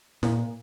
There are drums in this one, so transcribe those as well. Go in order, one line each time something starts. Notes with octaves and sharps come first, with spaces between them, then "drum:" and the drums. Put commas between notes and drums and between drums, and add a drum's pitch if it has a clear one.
A#2, drum: snare